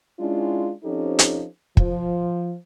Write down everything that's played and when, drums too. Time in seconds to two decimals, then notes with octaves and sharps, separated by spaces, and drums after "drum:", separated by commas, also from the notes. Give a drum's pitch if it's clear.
0.19 G#3 C#4 D4 E4 F4
0.84 F3 C4 C#4 D#4 G4 A4
1.19 drum: hi-hat
1.77 F3, drum: kick